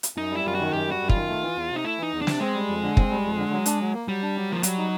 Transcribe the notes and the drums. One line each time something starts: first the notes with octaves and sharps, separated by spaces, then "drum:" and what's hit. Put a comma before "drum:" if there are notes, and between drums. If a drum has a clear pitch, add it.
drum: hi-hat
F#2 D#4
G3 E4
F#2 F4
D#3 F#4
F#2 G4
G3 F#4
F#2
F4, drum: kick
D#3
A3
E3
E2
C3
D#4
A3 E4
E3 D#4
E2
D4
C3, drum: snare
G#3 C4
G3
F2
D3
C4, drum: kick
G3
F2
D3
F#3
D4, drum: hi-hat
F#3
A#3
F#3 G3
D4
F#3
F3 A#3
F#3 G3, drum: hi-hat
D#4